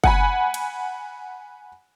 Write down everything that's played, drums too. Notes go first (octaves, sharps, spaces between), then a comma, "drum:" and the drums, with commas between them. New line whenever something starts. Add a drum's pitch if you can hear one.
F#5 G#5 B5, drum: kick F#1
drum: cymbal